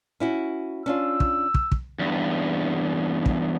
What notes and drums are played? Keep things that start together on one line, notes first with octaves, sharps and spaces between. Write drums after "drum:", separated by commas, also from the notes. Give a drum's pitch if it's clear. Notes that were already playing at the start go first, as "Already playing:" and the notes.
C#4 E4 F#4
C#4 D4 F4 E6
drum: kick
drum: kick
drum: kick
E2 G2
drum: kick